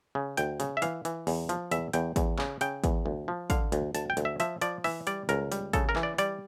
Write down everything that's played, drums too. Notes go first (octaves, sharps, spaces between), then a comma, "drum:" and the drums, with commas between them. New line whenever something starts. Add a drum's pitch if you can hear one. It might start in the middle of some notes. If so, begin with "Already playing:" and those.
C#3
D2 G5, drum: hi-hat
C#3, drum: hi-hat
E5
E3 F5, drum: hi-hat
E3, drum: hi-hat
E2, drum: open hi-hat
F3, drum: hi-hat
E2 E5, drum: hi-hat
E2 G5, drum: hi-hat
E2, drum: kick, hi-hat
C#3, drum: clap
C#3 G5, drum: hi-hat
E2, drum: kick, hi-hat
D2
F3
D3 F5, drum: kick, hi-hat
D2, drum: hi-hat
D2 A5, drum: hi-hat
G5
D2, drum: hi-hat
E5
F3 E5, drum: hi-hat
F3 D5, drum: hi-hat
E3 E5, drum: open hi-hat
G3 D5, drum: hi-hat
C#2 A#4, drum: hi-hat
G3, drum: hi-hat
C#3 A4, drum: kick, hi-hat
A#4
E3, drum: clap
D5
G3 D5, drum: hi-hat